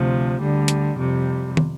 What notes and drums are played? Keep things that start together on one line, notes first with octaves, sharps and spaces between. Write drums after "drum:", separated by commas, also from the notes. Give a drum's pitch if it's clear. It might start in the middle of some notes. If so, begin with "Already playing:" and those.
Already playing: D2 C3 F3
D2 D3 G3
drum: hi-hat
F2 C3 G3
drum: tom